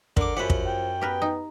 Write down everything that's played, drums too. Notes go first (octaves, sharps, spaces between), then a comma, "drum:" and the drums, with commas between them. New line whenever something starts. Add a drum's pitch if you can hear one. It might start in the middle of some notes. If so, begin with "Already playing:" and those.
D3 A#4 D6, drum: kick
F#2 F3 G4 B4 F#5
drum: kick
G5
B3 G4 A#4 B4
D#4